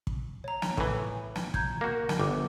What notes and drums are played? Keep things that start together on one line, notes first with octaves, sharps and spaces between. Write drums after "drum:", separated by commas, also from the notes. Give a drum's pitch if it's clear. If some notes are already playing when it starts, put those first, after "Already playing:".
drum: kick
C#5 A#5
drum: snare
A2 E3, drum: kick
drum: snare
A#5 G6 G#6, drum: kick
A#3 F#4
drum: snare
G1 D6